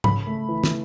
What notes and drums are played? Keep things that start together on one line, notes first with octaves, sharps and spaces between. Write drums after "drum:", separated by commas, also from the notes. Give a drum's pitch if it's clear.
C#3 B5, drum: tom G#2
A3
E3
drum: snare